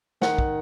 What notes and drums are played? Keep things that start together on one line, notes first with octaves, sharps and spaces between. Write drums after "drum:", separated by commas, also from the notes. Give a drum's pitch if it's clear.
D#3 F#5, drum: snare
drum: kick